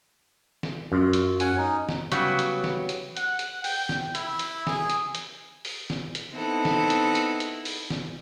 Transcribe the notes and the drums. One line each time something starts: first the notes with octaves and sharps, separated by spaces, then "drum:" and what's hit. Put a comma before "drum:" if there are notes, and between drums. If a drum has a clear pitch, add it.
drum: snare
F#2 F4
drum: hi-hat
C#4 F#5 G#5, drum: hi-hat
D#4
drum: snare
C#3 F#3 G3 B3, drum: hi-hat
drum: hi-hat
drum: snare
drum: hi-hat
F#5, drum: hi-hat
drum: hi-hat
G5, drum: open hi-hat
drum: snare
E4, drum: hi-hat
drum: hi-hat
G#4, drum: snare
drum: hi-hat
drum: hi-hat
drum: open hi-hat
drum: snare
drum: hi-hat
B3 C4 D#4 E4 A4 F#5
drum: snare
drum: hi-hat
drum: hi-hat
drum: hi-hat
drum: open hi-hat
drum: snare